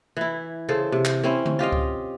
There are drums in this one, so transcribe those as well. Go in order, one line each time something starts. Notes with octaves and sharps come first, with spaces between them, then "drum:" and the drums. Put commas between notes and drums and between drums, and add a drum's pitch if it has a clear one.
E3 E4
C#3 A4 C5
C3
drum: clap
C4 C#4 E4
drum: tom D3
F4 G4 D#5 F5
drum: kick C#2